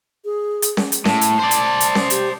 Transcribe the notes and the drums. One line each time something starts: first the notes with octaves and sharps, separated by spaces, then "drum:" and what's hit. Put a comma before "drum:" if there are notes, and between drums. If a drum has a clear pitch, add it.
G#4
drum: hi-hat
drum: snare C#4
drum: hi-hat
A2 A5, drum: snare C#4
drum: hi-hat
C5 D5
drum: hi-hat
drum: hi-hat
drum: snare C#4
G4, drum: hi-hat